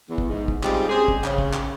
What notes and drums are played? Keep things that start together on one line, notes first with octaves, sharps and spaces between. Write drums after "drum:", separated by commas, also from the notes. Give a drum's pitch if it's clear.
E2
drum: kick
G#2
drum: kick
G3 G#3 C4 D#4 F4 G4, drum: clap
G#3 C4 C#4 G#4
drum: kick
C#3, drum: clap
drum: kick
drum: clap